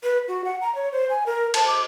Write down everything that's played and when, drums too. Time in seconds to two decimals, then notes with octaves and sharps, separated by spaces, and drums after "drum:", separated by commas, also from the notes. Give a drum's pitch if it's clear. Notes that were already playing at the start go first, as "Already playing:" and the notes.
0.03 B4
0.28 F#4
0.45 F#5
0.61 A#5
0.75 C#5
0.92 C5
1.10 G#5
1.26 A#4
1.54 A5, drum: cymbal
1.67 D6